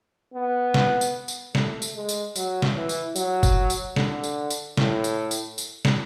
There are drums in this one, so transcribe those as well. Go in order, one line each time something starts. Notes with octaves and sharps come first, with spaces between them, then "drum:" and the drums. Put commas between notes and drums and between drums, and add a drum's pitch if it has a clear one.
B3
drum: snare
drum: tambourine
drum: tambourine
A3, drum: snare
drum: tambourine
G#3
drum: tambourine
F#3, drum: tambourine
drum: snare
E3
drum: tambourine
F#3, drum: tambourine
drum: kick F#1, tambourine
drum: tambourine
D3, drum: snare
drum: tambourine
drum: tambourine
A2, drum: snare
drum: tambourine
drum: tambourine
drum: tambourine
drum: snare